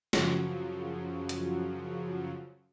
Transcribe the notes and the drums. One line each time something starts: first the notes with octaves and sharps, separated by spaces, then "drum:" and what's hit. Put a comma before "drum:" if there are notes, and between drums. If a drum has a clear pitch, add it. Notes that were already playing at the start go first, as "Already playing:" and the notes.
F#2 C#3 F3 F#3, drum: snare
drum: hi-hat